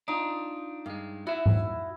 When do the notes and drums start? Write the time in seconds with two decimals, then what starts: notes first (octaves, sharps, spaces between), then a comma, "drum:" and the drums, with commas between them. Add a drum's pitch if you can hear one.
0.08 D4 D#4 F4
0.86 G2 G#3 F5
1.27 E4 F#4 E5
1.46 drum: tom G#2